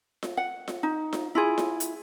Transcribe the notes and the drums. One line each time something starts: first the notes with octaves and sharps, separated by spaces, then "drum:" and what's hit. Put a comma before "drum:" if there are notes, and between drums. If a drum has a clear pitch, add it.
drum: snare F4
F#5
drum: snare F4
D#4
drum: snare F4
E4 F4 G#4
drum: snare F4
drum: hi-hat